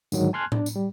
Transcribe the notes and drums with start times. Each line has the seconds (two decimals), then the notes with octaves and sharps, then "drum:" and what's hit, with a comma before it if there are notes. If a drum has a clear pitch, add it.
0.12 G#2 D3 D#3 F#3, drum: tambourine
0.33 G#5 A5 C6 F6 F#6 G#6
0.52 D4, drum: tom A2
0.66 drum: tambourine
0.76 G3